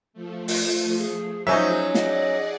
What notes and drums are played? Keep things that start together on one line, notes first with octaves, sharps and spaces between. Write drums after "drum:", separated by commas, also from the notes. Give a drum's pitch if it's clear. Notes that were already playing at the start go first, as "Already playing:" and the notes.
F3 A3
F4, drum: open hi-hat
G#4
F3 F#3 C#4 D#4 G#4 C5 E5
G#4 D5 D#5 F#5, drum: snare